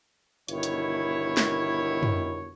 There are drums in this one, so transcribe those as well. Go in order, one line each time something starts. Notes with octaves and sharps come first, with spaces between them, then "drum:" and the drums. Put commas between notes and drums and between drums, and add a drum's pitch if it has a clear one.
G1 B2 D#3 E4 A#4 C#5, drum: hi-hat
drum: hi-hat
drum: snare
drum: tom